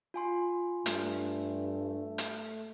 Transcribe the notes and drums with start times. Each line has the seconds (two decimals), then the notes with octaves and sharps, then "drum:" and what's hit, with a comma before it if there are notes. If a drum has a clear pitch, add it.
0.14 F4 G#5 C6
0.86 G2 A3, drum: hi-hat
2.18 drum: hi-hat